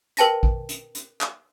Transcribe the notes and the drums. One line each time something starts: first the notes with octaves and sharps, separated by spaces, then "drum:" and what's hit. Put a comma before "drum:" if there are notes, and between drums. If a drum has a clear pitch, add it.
A#4 B4 G5 A5 A#6 B6, drum: hi-hat
drum: kick
drum: hi-hat
drum: hi-hat
drum: clap